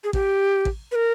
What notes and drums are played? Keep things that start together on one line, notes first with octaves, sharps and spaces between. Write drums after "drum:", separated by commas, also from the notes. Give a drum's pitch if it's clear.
G#4
G4, drum: kick A1
drum: kick A1
B4
A#4